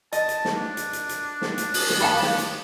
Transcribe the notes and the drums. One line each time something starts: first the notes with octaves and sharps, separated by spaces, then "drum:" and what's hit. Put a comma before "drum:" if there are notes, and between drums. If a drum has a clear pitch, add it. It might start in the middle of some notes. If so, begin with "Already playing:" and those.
D#5 A5, drum: hi-hat
drum: hi-hat
drum: snare
D4
drum: hi-hat
drum: hi-hat
drum: hi-hat
drum: snare
drum: hi-hat
drum: open hi-hat
drum: snare
D#3 G4 F5 G5 A5 B5
drum: snare
drum: hi-hat